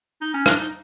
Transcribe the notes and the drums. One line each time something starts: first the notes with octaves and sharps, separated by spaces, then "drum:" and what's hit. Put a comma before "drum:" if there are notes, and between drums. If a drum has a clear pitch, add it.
D#4
C#4
D4, drum: rim click
D#4